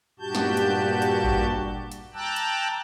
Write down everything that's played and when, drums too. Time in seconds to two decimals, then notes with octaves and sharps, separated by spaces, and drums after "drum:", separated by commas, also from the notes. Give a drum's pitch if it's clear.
0.19 G2 A#2 F#4 G4 A5 G6
0.35 drum: snare
0.57 drum: hi-hat
1.02 drum: hi-hat
1.24 drum: kick G#1
1.92 drum: hi-hat
2.14 G5 A5 A#5 D6 E6 F#6
2.36 drum: hi-hat